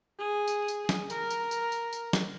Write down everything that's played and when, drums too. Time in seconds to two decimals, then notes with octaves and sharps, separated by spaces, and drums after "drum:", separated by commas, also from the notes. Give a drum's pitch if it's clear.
0.19 G#4
0.48 drum: tambourine
0.68 drum: tambourine
0.89 drum: snare
1.10 A#4, drum: tambourine
1.30 drum: tambourine
1.51 drum: tambourine
1.72 drum: tambourine
1.93 drum: tambourine
2.13 drum: snare